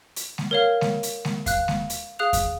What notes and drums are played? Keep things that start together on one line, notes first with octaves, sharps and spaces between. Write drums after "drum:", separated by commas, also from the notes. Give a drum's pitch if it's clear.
drum: hi-hat
drum: snare G#3
A#4 C#5 F5
drum: snare G#3
drum: hi-hat
drum: snare G#3
F5 F#6, drum: kick E2, hi-hat
drum: snare G#3
drum: hi-hat
G#4 F5 D#6 F#6 F7
drum: kick E2, hi-hat